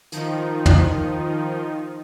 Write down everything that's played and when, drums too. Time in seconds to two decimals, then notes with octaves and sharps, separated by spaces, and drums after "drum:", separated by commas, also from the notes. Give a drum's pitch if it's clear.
0.12 D#3 F3 D#4, drum: hi-hat
0.66 drum: tom